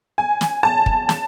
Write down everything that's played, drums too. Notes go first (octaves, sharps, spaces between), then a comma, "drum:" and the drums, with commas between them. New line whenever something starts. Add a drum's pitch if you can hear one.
G#5
drum: snare
A5
drum: kick
A5, drum: snare